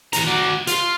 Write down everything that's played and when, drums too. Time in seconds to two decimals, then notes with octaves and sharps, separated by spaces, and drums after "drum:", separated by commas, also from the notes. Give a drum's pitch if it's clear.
0.13 E3 A#5, drum: hi-hat
0.27 F#4 D5
0.67 F4, drum: hi-hat